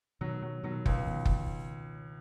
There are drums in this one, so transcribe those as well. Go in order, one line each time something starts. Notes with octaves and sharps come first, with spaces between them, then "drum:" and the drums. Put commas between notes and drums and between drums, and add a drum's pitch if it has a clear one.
B2 D#3 F#3
F#3
B2 D#3 F#3
C#2, drum: kick F#1
B2 D#3
drum: kick F#1